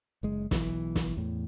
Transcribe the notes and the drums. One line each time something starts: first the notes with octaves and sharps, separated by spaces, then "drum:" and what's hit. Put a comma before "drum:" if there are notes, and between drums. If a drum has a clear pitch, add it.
F#1 G#3
B1 E3, drum: snare
drum: snare
E2 A2